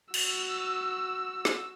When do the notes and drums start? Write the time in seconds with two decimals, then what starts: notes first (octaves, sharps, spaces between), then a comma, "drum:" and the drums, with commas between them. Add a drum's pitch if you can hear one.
0.14 F#4 E6, drum: cymbal
1.45 drum: snare